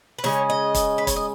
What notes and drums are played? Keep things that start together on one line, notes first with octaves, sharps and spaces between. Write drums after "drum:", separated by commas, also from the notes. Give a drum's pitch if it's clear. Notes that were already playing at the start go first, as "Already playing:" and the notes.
B4
C#3 G#3 C#4 C#5, drum: snare
D#5
drum: kick, hi-hat
B4
C#5, drum: kick, hi-hat
D#5